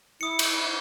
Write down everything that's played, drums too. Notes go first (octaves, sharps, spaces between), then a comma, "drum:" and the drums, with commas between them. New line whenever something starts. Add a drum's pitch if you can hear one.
E4 D#6 C#7
drum: cymbal